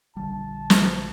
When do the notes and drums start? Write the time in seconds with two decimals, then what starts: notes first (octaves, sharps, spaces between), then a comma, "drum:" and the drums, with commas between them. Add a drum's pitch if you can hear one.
0.17 A#1 D3 G3 A5
0.70 drum: snare